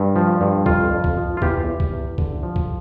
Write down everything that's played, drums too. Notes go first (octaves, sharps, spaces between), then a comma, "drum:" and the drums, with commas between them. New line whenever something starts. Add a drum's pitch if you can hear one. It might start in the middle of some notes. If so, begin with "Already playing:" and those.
Already playing: G2
F3
G2
F2 F4, drum: kick C2
F2
drum: kick C2
F3
F4
E2 G4, drum: kick C2
E2
drum: kick C2
E2
D3, drum: kick C2
F3
drum: kick C2